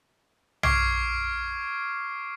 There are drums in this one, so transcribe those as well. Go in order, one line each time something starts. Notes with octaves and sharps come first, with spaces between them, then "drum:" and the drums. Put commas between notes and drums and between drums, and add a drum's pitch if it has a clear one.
C#6 D6 F6 G#6 C7 D7, drum: tom